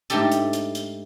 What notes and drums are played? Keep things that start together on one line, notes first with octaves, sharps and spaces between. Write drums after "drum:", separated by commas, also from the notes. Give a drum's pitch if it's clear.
G#2 A3 D4 G4 A4, drum: hi-hat
drum: hi-hat
drum: hi-hat
drum: hi-hat